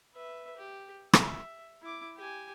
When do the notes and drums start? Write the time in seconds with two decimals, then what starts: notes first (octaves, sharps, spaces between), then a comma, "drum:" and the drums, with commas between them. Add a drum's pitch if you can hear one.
0.15 B4 E5
0.57 G4
1.13 E5, drum: rim click
1.82 E4 D6
2.17 G4 G#5